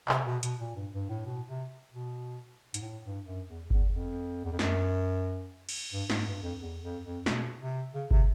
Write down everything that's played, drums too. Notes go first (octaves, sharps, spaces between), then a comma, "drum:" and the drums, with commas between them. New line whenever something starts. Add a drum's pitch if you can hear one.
C3, drum: clap
B2
B2, drum: hi-hat
A#2
G2
G2
A2
B2
C3
B2
G#2, drum: hi-hat
A2
G2
F#2
E2
E2, drum: kick G1
F2
E2
F2
F#2, drum: snare
drum: cymbal
G2
G#2, drum: snare
G2
F2
E2
F2
F2
B2, drum: snare
C3
C#3
C3, drum: kick G1